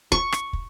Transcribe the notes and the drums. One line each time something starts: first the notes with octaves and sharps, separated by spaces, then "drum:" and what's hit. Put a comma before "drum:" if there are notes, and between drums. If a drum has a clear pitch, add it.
C#6, drum: kick
drum: rim click
drum: kick